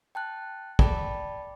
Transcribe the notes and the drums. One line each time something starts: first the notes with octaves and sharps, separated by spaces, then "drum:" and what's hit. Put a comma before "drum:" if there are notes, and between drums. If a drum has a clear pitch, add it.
G5 A5 F#6
D5 G5 A5 B5 D6, drum: kick